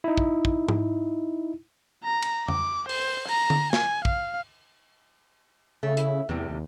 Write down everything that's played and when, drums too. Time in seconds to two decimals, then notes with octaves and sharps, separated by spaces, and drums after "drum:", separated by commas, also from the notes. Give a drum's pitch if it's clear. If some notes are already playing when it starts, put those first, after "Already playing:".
0.04 D#4 E4
0.17 drum: kick
0.45 drum: kick
0.68 drum: tom G#2
2.04 A#5
2.22 drum: cymbal
2.48 D6, drum: tom F2
2.89 C5, drum: open hi-hat
3.28 A#5, drum: open hi-hat
3.50 drum: tom D3
3.73 G#5, drum: snare
4.05 F5, drum: kick
5.83 C#3 A3
5.97 E4, drum: hi-hat
6.29 E2 A2 C3 G3
6.50 D#2